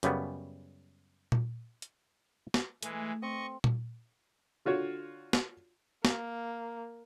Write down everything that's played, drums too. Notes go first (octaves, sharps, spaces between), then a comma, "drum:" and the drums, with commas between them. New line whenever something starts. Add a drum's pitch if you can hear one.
F#2 C#3 G3 B3, drum: hi-hat
drum: tom A#2
drum: hi-hat
drum: snare
E3 G#3 A3, drum: hi-hat
C4 D#5 C#6
drum: tom A#2
D3 F4 F#4 C#5
drum: snare
A#3, drum: snare